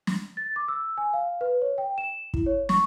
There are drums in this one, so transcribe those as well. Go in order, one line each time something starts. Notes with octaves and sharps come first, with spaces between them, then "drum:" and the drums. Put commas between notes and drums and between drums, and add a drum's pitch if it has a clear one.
drum: snare
A6
D6
E6
G#5
F5
B4
C#5
G5
E7
E4, drum: kick
C#5
C#6, drum: snare